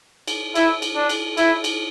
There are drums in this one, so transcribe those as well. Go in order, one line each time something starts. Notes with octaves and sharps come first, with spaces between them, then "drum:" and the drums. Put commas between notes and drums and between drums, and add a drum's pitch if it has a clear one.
drum: cymbal
E4, drum: cymbal
drum: cymbal
D4
drum: cymbal
E4, drum: cymbal
drum: cymbal